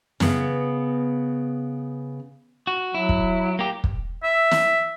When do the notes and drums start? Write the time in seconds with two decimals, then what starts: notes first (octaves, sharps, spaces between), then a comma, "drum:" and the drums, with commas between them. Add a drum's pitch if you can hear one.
0.20 C#3 B3, drum: snare
2.67 F#4
2.95 F#3 E4
3.09 drum: kick
3.59 A#3 G4
3.84 drum: kick
4.23 E5
4.51 drum: snare